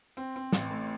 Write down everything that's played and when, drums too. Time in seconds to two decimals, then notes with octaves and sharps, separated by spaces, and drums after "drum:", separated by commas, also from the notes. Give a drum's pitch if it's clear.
0.17 C4
0.36 C4
0.53 A1, drum: snare
0.71 A2